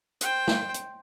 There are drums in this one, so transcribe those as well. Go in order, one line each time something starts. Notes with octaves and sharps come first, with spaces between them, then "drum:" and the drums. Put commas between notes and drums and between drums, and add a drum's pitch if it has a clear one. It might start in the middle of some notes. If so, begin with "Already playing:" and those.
C5 G5, drum: hi-hat
drum: snare
drum: hi-hat